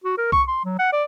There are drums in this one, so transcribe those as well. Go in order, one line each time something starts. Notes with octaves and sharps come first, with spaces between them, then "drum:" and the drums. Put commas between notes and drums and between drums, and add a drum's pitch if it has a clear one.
F#4
A#4
C#6, drum: kick C2
C6
F#3
F#5
D5